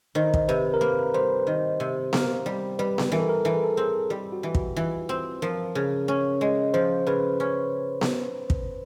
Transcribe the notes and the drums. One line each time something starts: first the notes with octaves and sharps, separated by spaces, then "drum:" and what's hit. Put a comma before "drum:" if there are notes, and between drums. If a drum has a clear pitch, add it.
D#3 C5
drum: kick
C3 B4
A#4
A#3 B4
G3 C5
D#3
C3
A#3, drum: snare B3
G3
G3 B4
drum: snare B3
E3 A#4
A4
A#4
E3 A4
G#4
A4
C4 G#4
G3 G4
F#4
E3
F#4, drum: kick
E3 F4
C4
F3 A#4
C#3
C#4
G#3
F3 C5
C#3 B4
C#4
drum: snare B3
drum: kick